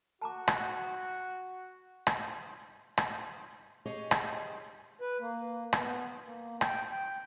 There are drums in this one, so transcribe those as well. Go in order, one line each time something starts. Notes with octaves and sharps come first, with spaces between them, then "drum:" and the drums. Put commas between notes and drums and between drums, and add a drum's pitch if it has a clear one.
F#4 A5 A#5 D6
drum: rim click
drum: rim click
drum: rim click
G4 G#4 C#5 D#5
drum: rim click
B4
A#3
B3, drum: rim click
A#3
G5, drum: rim click
G5